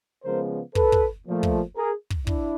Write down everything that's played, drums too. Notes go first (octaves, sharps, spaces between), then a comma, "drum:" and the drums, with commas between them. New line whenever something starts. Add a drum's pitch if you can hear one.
C#3 F3 G#3 B3 A#4 C5
A4 B4, drum: kick
drum: kick
A#2 F3 A3
drum: kick
G#4 A#4
drum: kick
D4 E4, drum: kick